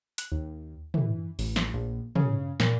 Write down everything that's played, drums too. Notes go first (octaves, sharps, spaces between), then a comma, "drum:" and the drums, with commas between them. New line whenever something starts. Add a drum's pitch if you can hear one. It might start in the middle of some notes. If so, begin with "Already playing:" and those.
F#6, drum: hi-hat
D#2
E3, drum: tom
A1, drum: open hi-hat
drum: snare
A#1
C#3, drum: tom
A#2, drum: snare